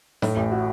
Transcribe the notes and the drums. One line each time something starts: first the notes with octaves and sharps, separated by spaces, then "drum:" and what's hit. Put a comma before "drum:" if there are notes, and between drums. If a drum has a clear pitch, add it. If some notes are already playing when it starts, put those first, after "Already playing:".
A2, drum: snare
A1
F#4